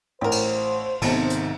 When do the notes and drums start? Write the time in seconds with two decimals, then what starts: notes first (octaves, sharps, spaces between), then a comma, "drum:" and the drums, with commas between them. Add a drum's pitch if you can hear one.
0.21 A1 G4 A#4 C5
0.32 drum: cymbal
1.02 B1 G#2 C3 D#3 F#3 A4, drum: cymbal
1.30 drum: hi-hat